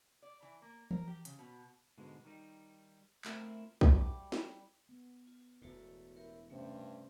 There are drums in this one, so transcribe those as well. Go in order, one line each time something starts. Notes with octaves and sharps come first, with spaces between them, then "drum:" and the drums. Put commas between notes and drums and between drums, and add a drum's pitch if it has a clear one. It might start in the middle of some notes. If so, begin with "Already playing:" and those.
D5
E3
A#3
A#4, drum: tom E3
G4
C#3, drum: hi-hat
B2
G#2 B2 D3 G#3
D#3 G3 D#4
A3 C4 E4 F4 A#4 C5, drum: clap
G3, drum: kick B1
D6
drum: snare
B3
F4
E1 A2 E4 F#4 A4
E4 G4 A#4 C#5
G2 C3 A3 C#4 C5 E5